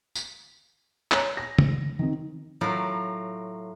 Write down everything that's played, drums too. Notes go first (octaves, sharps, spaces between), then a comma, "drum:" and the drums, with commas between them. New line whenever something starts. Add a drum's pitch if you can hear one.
drum: tambourine
C#5 G#5 A#5, drum: clap
A#6
drum: tom
D#3 C4
A2 F#3 F4 F#4 A#4